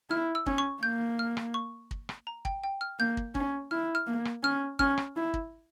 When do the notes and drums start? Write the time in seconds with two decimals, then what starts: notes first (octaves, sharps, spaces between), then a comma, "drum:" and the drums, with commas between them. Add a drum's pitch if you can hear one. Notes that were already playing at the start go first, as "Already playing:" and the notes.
0.10 E4 F6
0.35 E6
0.46 C#4, drum: kick
0.58 C#6
0.82 A#3 G6
1.19 F6
1.37 drum: rim click
1.54 C#6
1.91 drum: kick
2.09 drum: rim click
2.27 A#5
2.45 G5, drum: kick
2.64 G5
2.81 F6
2.99 A#3 G6
3.17 drum: kick
3.35 C#4, drum: kick
3.71 E4 F6
3.95 F6
4.07 A#3
4.25 drum: rim click
4.43 C#4 F6
4.79 C#4 F6, drum: kick
4.98 drum: rim click
5.16 E4
5.34 drum: kick